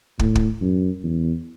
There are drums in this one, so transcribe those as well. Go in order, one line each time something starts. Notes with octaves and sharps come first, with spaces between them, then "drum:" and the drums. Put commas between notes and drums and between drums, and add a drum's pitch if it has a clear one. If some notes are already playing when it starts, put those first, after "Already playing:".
A2, drum: kick
drum: kick
F#2
E2